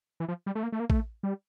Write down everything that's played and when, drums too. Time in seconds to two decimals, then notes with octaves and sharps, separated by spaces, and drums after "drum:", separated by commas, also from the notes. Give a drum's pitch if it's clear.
0.20 E3
0.28 F3
0.46 G3
0.55 A3
0.63 A#3
0.72 A3
0.80 A#3
0.90 A3, drum: kick A1
1.23 G3